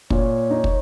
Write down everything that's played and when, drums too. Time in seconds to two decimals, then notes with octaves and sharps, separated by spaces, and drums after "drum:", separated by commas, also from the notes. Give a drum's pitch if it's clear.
0.10 A#2 C#5, drum: kick
0.50 D#4
0.64 drum: kick